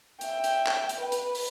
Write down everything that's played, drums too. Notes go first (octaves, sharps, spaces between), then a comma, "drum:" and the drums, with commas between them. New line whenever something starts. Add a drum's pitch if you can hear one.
E5 G5, drum: hi-hat
drum: hi-hat
drum: clap
drum: hi-hat
B4
drum: hi-hat
drum: open hi-hat